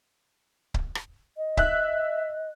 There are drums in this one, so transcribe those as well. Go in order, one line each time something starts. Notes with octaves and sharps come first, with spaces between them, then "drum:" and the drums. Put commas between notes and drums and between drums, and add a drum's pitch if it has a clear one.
drum: kick C#1
drum: rim click
D#5
E5 F#6, drum: kick C#1